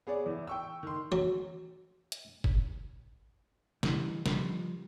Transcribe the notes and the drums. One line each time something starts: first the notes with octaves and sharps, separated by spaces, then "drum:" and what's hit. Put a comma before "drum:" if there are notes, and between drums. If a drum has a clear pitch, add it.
B3 G#4 C#5 D5
E2 E4
G5 C#6 E6
D#3 C6
F#3, drum: tom E3
drum: hi-hat
drum: kick F#1
E3 G3, drum: snare
F3 G3, drum: snare